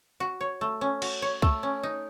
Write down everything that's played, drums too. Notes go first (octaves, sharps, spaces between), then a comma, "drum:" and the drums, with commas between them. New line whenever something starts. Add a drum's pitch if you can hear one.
F#4
C#5
A3
C#4
F#4, drum: cymbal
C#5
A3, drum: kick C2
C#4
D#4